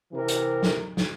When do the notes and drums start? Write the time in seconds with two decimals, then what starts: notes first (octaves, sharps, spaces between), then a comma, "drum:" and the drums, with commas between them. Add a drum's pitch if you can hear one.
0.11 C3 E3 A#4
0.28 drum: hi-hat
0.63 drum: snare
0.97 drum: snare